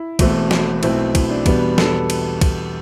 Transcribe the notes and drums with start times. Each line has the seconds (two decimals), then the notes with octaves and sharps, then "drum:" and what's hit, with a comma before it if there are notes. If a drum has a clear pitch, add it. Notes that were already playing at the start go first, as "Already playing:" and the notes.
Already playing: E4
0.19 E1 E2 B2 A3 C4, drum: kick, cymbal
0.51 drum: snare
0.83 B1 B2 A3 C4 E4, drum: cymbal
1.15 E4, drum: kick, cymbal
1.30 D4
1.46 E2 B2 G3 B3, drum: kick, cymbal
1.78 A4, drum: snare
2.10 drum: cymbal
2.41 drum: kick, cymbal